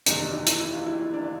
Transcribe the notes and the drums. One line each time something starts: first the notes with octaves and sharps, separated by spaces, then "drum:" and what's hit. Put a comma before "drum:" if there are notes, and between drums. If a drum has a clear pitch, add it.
F#1 E2 C3 D#3 D#4, drum: hi-hat
D4
D#4
E4, drum: hi-hat
E4
F4
E4
D4